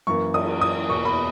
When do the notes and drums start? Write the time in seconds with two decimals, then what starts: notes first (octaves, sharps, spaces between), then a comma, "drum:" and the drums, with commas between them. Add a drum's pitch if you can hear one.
0.07 F#2 E3 A#3 C#6
0.34 D#6, drum: cymbal
0.61 D#6
0.89 E2 B2 A#3 C#6
1.05 B5